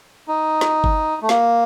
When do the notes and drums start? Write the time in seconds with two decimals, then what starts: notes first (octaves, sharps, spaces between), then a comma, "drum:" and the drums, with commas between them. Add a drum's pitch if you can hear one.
0.28 D#4
0.61 drum: snare
0.84 drum: kick G1
1.22 A3
1.29 A#3, drum: snare